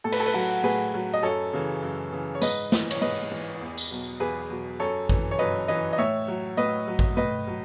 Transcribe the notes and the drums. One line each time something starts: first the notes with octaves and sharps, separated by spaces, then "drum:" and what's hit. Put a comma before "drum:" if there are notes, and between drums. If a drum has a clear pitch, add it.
A2 A4
B4, drum: cymbal
A4
B4
F#3 F#4 A4
A2 G#4 B4
F#3
D#5
F#2 A4 C#5
C#3 E3
F#2
C#3 E3
C#5
G#2 B4 D#5, drum: tambourine
E3, drum: snare
C#5, drum: cymbal
G#2 B4 D#5
E3
E2
drum: tambourine
B2 F#3
E2 G#4 B4
B2 F#3
F#2 A4 C#5
E3, drum: kick A1
C#5
F#2 B4 D#5
E3 B4 D#5
D#5
A2 C#5 E5
F#3
A2 B4 D#5
F#3
drum: kick A1
A2 B4 D#5
F#3